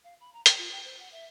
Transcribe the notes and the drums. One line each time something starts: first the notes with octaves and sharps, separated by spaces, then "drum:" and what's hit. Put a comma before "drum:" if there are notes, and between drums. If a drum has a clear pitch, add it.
F5
B5
A#5
G5, drum: hi-hat
F4
G5
C5
F#5
E5